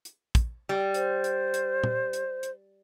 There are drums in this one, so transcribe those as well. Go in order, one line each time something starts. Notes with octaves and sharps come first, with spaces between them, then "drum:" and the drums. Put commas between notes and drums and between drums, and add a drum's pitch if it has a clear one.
drum: hi-hat
drum: kick, hi-hat
G3
C5, drum: hi-hat
drum: hi-hat
drum: hi-hat
drum: tom
drum: hi-hat
drum: hi-hat